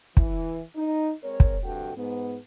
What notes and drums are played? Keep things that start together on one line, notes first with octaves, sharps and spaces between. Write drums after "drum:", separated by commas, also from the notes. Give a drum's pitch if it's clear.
E3, drum: kick
D#4
G#3 C4 A#4 C#5
drum: kick
D2 G2 C3 F#4 A4 G5
G#2 B3